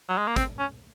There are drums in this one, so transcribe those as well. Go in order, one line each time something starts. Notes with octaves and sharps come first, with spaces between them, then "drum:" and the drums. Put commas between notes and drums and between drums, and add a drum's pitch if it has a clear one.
F#3
G#3
A#3
C4, drum: kick, hi-hat
C#4